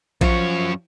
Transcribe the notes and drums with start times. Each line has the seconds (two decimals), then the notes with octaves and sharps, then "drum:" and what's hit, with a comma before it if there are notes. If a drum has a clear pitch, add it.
0.21 F#2 F3 C#5, drum: kick A#1